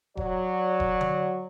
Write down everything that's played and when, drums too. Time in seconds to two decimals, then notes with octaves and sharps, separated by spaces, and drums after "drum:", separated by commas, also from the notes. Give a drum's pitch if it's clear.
0.17 F#3 D5, drum: kick E1
0.80 drum: kick E1
1.01 drum: tom D3